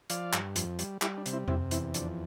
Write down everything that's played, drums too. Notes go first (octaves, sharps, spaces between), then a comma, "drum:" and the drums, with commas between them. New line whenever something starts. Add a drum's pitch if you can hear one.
F3 D5 F5, drum: hi-hat
G2, drum: clap
F2, drum: hi-hat
G3, drum: hi-hat
G3 E4 G4, drum: clap
D4
C3, drum: hi-hat
C4 E4
C3 C4 E4, drum: tom E2
E2 C4 E4, drum: hi-hat
F2 D4, drum: hi-hat